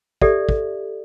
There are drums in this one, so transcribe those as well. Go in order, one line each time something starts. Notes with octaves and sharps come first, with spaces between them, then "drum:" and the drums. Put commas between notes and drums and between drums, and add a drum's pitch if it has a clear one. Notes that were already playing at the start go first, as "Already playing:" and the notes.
G4 A4 D5 E5, drum: kick
drum: kick